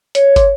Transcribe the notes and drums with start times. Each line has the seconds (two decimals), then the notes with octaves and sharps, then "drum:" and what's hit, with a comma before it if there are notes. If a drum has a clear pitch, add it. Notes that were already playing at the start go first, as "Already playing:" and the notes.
0.15 C#5, drum: hi-hat
0.36 drum: kick, hi-hat